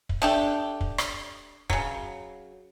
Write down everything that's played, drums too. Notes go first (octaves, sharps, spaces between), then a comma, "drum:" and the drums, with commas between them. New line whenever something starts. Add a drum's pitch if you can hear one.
drum: kick
A3 D4 G4
drum: kick
drum: rim click
C#3 F#3, drum: kick